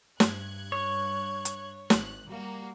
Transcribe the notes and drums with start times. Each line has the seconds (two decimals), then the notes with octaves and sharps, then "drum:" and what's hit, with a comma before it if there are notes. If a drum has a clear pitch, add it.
0.20 G2 F#6 G#6, drum: snare
0.72 C#5
1.45 drum: hi-hat
1.90 G#1 F#6, drum: snare
2.29 G3 A#3 F#4